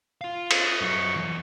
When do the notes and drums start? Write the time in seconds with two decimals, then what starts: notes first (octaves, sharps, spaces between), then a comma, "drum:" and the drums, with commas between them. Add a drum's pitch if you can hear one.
0.21 F4 F5
0.51 D#6, drum: cymbal
0.65 D#6
0.81 F#2 C#6
1.16 E2